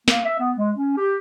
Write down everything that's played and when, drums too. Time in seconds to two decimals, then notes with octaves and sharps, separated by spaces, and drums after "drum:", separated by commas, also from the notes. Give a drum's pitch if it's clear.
0.08 A#3, drum: snare
0.24 E5
0.38 B3
0.57 G#3
0.76 C#4
0.97 G4